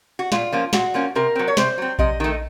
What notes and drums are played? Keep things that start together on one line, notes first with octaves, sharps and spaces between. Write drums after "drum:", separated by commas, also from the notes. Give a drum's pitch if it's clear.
F#4
A#2 F4, drum: snare
F3 A#3 C#4
A#2 F#4, drum: snare
F3 A#3 C#4
C3 A#4
F#3 C4
C#5
C3 C5, drum: snare
F#3 C4
C3 D#5, drum: kick A#1
D#3 A3